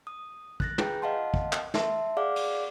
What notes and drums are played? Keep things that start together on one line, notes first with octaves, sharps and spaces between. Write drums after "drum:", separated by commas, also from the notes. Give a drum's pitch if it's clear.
D#6
F#6 A6 A#6, drum: kick
F4 G#4 B4 G5 A#5, drum: tom
D#5 F5 F#5 A5 C6
drum: kick
drum: clap
E5 A5 C6, drum: snare
G#4 D5 F5 F#5 D6
drum: cymbal